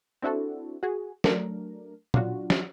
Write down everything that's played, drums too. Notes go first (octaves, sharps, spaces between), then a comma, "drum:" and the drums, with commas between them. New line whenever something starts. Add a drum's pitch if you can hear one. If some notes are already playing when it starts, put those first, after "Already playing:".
C4 D4 E4 F#4 A4
F#4 G#4
F#3 A3 D4 A#4, drum: snare
F#3 D4 F4 F#4, drum: tom
drum: snare